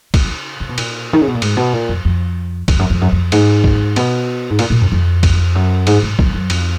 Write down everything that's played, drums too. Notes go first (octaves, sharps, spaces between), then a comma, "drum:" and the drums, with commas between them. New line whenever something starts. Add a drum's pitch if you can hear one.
C#3, drum: kick, cymbal
C#3
B2
A#2, drum: cymbal
D#3
C#3
B2
A#2
G#2, drum: cymbal
B2
A#2
F2
F2
F2, drum: kick, cymbal
F#2
F2
F#2
F2
G#2, drum: cymbal
drum: kick
B2, drum: cymbal
G#2
A#2, drum: cymbal
A#2
F#2
F2
drum: kick, cymbal
F#2
G#2, drum: cymbal
G#2
F#2, drum: kick
F#2
F2, drum: cymbal